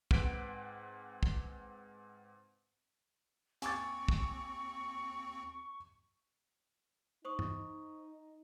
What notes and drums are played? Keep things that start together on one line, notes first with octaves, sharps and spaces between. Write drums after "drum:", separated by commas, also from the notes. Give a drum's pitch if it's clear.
G#2 C4 B4 F#5 B6 D7, drum: kick
drum: kick
D#2 C4 G#5 C#6 D6 A6, drum: hi-hat
drum: kick
D#4 C5 C#6 D#6
drum: tom